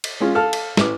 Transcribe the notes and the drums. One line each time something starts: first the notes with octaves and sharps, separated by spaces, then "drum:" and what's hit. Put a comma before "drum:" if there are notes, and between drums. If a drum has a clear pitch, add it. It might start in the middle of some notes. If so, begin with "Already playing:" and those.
drum: cymbal
G#3 C#4 F4
A4 F5 F6
drum: cymbal
A1 B4 D6, drum: snare